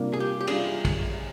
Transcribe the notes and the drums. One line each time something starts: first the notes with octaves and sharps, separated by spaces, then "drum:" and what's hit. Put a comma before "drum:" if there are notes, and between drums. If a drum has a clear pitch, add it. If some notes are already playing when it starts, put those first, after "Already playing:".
Already playing: C3 G3 A#3 D4 F4
G#4
G4
G4
G3 D4 F4 G#4, drum: cymbal
drum: kick, cymbal